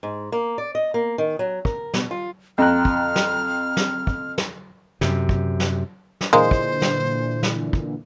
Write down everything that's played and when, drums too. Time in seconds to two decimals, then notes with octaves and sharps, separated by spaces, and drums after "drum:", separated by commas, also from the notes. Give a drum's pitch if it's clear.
0.03 G#2
0.32 A#3
0.58 D5
0.75 D#5
0.94 A#3
1.18 D#3
1.39 F#3
1.65 A#4, drum: kick
1.94 B2, drum: snare
2.11 F4
2.58 F2 G5 A#5 F6 F#6
2.85 drum: kick
3.16 drum: snare
3.77 drum: snare
4.07 drum: kick
4.38 drum: snare
5.01 F#2 C3, drum: snare
5.29 drum: kick
5.60 drum: snare
6.21 drum: snare
6.33 A#2 D3 E3 G#3 A#4 C5 F5 A#5
6.51 drum: kick
6.82 drum: snare
7.43 drum: snare
7.73 drum: kick